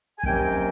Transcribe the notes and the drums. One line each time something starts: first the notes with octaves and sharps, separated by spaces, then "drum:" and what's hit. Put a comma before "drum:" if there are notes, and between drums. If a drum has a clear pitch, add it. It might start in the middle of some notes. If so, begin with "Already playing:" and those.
G#5
C3 D#3 F#3 A#3 C#4 G5, drum: kick